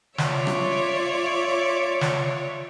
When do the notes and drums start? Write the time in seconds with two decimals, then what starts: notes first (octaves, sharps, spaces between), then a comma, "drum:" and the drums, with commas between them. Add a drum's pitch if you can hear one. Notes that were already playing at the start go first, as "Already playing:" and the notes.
0.18 F4 C#5 D5 E5, drum: snare
0.47 drum: rim click
2.01 drum: snare